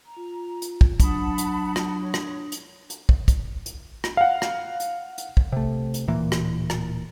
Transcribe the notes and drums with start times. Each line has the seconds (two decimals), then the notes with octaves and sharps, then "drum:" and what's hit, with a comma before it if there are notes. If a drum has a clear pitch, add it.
0.05 A#5
0.17 F4
0.62 drum: hi-hat
0.81 drum: kick
1.00 F#3 D4 F#5 A5 B5 D#6, drum: kick, hi-hat
1.38 drum: hi-hat
1.76 drum: rim click
1.99 F#4 C#5
2.14 drum: rim click
2.52 drum: hi-hat
2.90 drum: hi-hat
3.09 drum: kick
3.28 drum: kick, hi-hat
3.66 drum: hi-hat
4.04 drum: rim click
4.17 F5 F#5
4.42 drum: rim click
4.80 drum: hi-hat
5.18 drum: hi-hat
5.37 drum: kick
5.52 C3 A3
5.94 drum: hi-hat
6.08 D1 A#2 E3 A#3
6.32 drum: rim click
6.70 drum: rim click